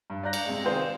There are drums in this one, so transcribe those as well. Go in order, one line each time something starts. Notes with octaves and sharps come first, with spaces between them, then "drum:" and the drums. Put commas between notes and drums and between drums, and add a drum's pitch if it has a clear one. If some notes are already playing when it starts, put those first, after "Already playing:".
G2
D5 F5 A#5 F#6 G6 A#6
drum: cymbal
C3 G#3
D#3 C4 F4 G#4 C5 D5
E7